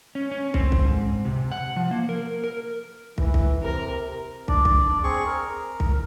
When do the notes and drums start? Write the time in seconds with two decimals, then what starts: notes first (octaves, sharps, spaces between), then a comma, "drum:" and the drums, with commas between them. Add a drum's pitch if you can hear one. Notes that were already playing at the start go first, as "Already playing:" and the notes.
0.15 C#4
0.31 C#4
0.54 C4, drum: kick
0.72 drum: kick
0.86 G#2
1.25 C3
1.51 F#5
1.76 F3
1.91 A#3
2.09 A#4
2.44 A#4
3.18 E3, drum: kick
3.34 drum: kick
3.63 C3 A#4
4.48 D4 D5, drum: kick
4.65 drum: kick
5.03 C4 G#4 C#6
5.26 A#4
5.80 drum: kick